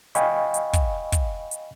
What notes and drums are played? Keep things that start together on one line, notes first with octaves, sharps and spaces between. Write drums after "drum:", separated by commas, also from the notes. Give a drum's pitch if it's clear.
D#5 F5 G5 G#5 B5 C#6, drum: hi-hat
drum: hi-hat
drum: kick, hi-hat
drum: kick, hi-hat
drum: hi-hat